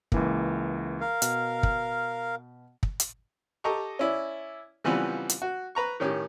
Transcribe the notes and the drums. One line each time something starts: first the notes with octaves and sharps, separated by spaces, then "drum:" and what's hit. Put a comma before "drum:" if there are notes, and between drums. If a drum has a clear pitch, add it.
C#2 E3 A#3, drum: kick
A#4 F5
B2, drum: hi-hat
drum: kick
drum: kick
drum: hi-hat
G4 A4 D#5 A#5 C#6
C#4 E4 D5
C#3 E3 F3 G3 B3 C4
drum: hi-hat
F#4
B4 A#5 C#6
A2 D#3 C#4 G4